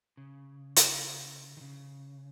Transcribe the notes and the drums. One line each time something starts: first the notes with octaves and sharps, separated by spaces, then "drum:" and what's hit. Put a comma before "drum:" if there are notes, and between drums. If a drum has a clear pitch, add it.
C#3
drum: hi-hat
D#3
C#3